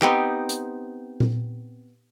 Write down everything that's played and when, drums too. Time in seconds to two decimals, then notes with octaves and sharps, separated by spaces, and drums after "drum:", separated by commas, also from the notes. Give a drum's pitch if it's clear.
0.02 B3 C4 D#4 G4, drum: clap
0.49 drum: hi-hat
1.20 drum: tom A#2